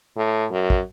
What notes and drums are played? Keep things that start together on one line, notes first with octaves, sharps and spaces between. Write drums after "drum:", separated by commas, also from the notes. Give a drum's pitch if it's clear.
A2
F#2
drum: kick